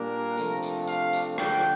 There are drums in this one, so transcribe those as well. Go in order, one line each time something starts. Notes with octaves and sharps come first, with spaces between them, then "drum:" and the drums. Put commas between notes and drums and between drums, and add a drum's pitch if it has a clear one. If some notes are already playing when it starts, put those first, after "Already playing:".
Already playing: A#2 G3 A#3 D4 A#4
C3 F3 A3 D4, drum: tambourine
drum: tambourine
F5, drum: tambourine
drum: tambourine
D3 F3 A3 D4 G5, drum: rim click